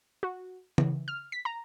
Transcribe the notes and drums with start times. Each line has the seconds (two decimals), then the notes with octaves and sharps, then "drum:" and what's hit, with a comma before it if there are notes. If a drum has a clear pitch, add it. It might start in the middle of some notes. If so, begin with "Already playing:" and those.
0.23 F#4
0.78 E3, drum: tom C#3
1.08 F6
1.32 B6
1.45 A#5